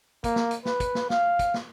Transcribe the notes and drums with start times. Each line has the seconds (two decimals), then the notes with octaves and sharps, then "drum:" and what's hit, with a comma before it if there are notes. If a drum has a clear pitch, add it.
0.24 A#3, drum: kick, hi-hat
0.36 drum: snare
0.51 drum: hi-hat
0.65 B4, drum: snare
0.80 drum: kick, hi-hat
0.95 drum: snare
1.10 F5, drum: snare
1.39 drum: kick, hi-hat
1.54 drum: snare